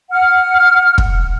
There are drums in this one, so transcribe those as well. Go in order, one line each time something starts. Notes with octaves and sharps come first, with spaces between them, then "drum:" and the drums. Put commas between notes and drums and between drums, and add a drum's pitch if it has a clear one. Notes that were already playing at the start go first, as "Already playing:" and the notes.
F#5 F6
drum: kick